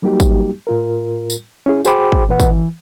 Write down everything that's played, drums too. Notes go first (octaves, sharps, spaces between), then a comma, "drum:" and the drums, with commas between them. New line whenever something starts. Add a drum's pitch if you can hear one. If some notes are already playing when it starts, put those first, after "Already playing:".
F#3 G3 A#3 D#4 F#4 G4
drum: kick, tambourine
A2 F4 A#4
drum: tambourine
C#4 E4 G#4
F#4 G#4 C5 G5 B5 D6, drum: tambourine
drum: kick
A#2 E3 B4 F#5
drum: kick, tambourine
E3